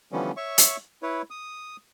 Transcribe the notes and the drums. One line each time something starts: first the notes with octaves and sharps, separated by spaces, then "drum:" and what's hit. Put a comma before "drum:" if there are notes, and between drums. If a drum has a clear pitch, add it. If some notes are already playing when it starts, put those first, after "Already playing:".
D3 E3 F3 G3 B3 C#4
C#5 E5 C#6
drum: hi-hat
E4 B4 C#5
D#6